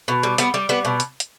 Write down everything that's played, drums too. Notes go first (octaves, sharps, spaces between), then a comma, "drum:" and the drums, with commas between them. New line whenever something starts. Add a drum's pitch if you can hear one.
B2
G3
G3 B3, drum: hi-hat
G3
G3 B3
B2
drum: hi-hat
drum: hi-hat